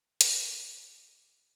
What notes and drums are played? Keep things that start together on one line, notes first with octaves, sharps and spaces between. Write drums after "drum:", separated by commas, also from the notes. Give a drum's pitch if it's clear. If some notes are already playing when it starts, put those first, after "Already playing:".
D#4 D6, drum: hi-hat